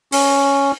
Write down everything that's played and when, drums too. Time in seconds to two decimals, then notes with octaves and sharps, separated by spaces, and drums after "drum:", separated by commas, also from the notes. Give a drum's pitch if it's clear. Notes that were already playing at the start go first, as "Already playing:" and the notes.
0.12 C#4, drum: open hi-hat